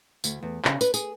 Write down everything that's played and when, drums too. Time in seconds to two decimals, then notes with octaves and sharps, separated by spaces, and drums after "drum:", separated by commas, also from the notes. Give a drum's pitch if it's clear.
0.24 D2, drum: tambourine
0.43 E2
0.65 C#3, drum: clap
0.81 B4, drum: tambourine
0.94 G#4, drum: tambourine